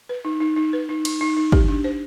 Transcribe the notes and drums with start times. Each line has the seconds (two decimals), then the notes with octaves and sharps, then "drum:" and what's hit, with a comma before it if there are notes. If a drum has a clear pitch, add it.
0.09 B4
0.25 D#4
0.40 D#4
0.56 D#4
0.73 B4
0.89 D#4
1.05 D#4, drum: cymbal
1.21 D#4
1.37 D#4
1.52 G4, drum: kick
1.68 D4
1.84 C5